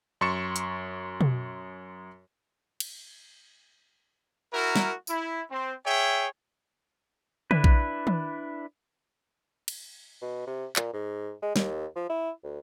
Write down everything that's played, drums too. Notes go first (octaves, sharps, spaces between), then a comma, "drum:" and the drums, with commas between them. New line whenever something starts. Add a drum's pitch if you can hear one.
F#2 C6 C#6 A6 C#7 E7
drum: hi-hat
drum: tom B2
drum: cymbal
E4 F#4 A#4
drum: snare
E4, drum: tambourine
C4
G#4 C#5 E5 G5
D4 E4 B4, drum: tom C#3
drum: kick A#1
drum: tom
drum: cymbal
B2
C3
A#2, drum: clap
G#2
G#3
D#2, drum: snare
F3
E4
D2